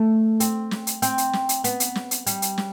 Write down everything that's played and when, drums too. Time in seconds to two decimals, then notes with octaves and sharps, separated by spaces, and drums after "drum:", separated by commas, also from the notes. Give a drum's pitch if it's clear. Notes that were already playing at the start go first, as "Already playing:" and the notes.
Already playing: A3
0.40 C4, drum: hi-hat
0.71 drum: snare
0.87 drum: hi-hat
1.02 C4, drum: hi-hat
1.18 drum: hi-hat
1.33 drum: snare
1.49 drum: hi-hat
1.64 B3, drum: hi-hat
1.80 drum: hi-hat
1.95 drum: snare
2.11 drum: hi-hat
2.26 G3, drum: hi-hat
2.42 drum: hi-hat
2.58 drum: snare